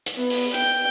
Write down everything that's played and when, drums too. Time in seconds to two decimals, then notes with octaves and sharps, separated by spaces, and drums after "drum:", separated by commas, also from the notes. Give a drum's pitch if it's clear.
0.06 drum: hi-hat
0.16 B3
0.30 drum: open hi-hat
0.54 G5, drum: hi-hat